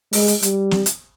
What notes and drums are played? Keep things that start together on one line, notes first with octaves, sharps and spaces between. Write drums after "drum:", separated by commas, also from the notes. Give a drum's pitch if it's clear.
G#3, drum: open hi-hat
drum: hi-hat
G3, drum: hi-hat
drum: snare
drum: hi-hat